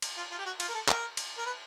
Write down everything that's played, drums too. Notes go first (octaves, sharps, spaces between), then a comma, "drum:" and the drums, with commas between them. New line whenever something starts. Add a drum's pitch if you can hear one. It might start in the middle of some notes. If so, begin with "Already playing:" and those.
drum: cymbal
F4
F4
G4
F#4
F4, drum: cymbal
A#4
A4
A#4, drum: clap
drum: cymbal
A#4
B4